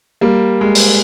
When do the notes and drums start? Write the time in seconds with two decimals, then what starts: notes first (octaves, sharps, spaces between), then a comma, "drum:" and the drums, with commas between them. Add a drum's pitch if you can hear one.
0.21 G3 A#3
0.61 G#3
0.75 drum: open hi-hat